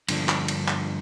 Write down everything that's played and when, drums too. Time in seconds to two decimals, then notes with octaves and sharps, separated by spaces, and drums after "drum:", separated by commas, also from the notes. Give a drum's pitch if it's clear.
0.09 G2 D3 F3 A#3 D4, drum: cymbal
0.29 drum: clap
0.48 drum: cymbal
0.68 drum: clap